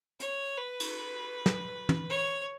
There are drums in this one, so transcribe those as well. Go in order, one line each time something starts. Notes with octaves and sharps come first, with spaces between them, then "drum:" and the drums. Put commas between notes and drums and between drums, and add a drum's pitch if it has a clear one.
C#5, drum: hi-hat
B4
drum: cymbal
drum: snare
drum: tom
C#5